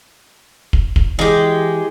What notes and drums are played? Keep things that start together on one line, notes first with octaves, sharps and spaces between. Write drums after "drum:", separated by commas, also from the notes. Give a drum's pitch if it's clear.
drum: kick
drum: kick
E3 G#3 G4